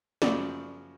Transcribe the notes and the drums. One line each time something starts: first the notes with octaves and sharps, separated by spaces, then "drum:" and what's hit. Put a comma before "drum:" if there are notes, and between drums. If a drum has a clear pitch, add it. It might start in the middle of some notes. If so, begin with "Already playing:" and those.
F#2 C#3 F3 D5, drum: snare